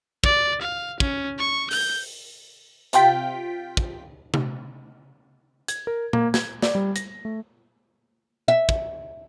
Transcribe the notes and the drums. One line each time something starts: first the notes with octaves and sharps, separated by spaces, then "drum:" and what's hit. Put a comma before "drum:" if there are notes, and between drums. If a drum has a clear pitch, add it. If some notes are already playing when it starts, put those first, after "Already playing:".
D5, drum: kick
F5
C#4, drum: kick
C#6
G6, drum: open hi-hat
C3 F4 G5 B6, drum: hi-hat
drum: kick
drum: tom C3
G#6, drum: hi-hat
A#4
A#3, drum: tom A#2
G#6, drum: snare
D5, drum: snare
G3
A#6, drum: hi-hat
A3
E5
drum: kick